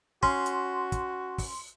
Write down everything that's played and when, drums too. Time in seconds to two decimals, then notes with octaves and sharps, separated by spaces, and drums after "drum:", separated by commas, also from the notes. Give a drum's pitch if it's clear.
0.23 C#4 F#4 C6, drum: kick
0.46 drum: hi-hat
0.92 drum: kick, hi-hat
1.38 drum: kick, open hi-hat